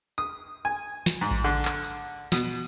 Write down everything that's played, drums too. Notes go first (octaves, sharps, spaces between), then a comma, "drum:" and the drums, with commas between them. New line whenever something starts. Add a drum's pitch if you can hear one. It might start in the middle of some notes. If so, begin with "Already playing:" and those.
D#6
G#5
drum: snare
G#2
drum: kick A1
D3
drum: clap
drum: tambourine
B2, drum: snare